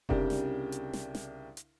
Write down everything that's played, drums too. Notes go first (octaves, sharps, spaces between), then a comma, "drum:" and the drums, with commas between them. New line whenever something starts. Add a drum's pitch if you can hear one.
C2 C#3 D4 G4 A#4 G5, drum: kick F1
drum: snare
drum: hi-hat
drum: snare
drum: snare
drum: hi-hat